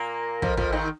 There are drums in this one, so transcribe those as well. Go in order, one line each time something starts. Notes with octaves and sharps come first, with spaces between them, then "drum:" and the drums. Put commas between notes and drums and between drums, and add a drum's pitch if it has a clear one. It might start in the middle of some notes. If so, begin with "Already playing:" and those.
Already playing: A#2 A#3
F2 F3, drum: kick
F2 F3, drum: kick
D#2 D#3